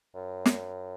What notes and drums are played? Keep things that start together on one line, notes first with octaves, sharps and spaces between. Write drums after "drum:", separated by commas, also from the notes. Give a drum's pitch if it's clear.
F#2
drum: snare